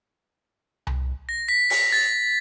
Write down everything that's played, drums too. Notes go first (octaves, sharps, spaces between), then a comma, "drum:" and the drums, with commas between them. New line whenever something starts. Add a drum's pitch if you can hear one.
drum: tom C2
A#6
B6
B6, drum: open hi-hat
A6